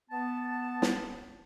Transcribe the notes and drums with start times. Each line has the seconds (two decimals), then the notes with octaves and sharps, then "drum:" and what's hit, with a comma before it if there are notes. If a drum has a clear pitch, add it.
0.11 B3 A5
0.82 drum: snare